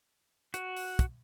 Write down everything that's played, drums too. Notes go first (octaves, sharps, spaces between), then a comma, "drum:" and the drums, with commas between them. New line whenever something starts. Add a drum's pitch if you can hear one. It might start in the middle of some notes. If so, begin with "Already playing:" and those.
F#4, drum: hi-hat
drum: open hi-hat
drum: kick, hi-hat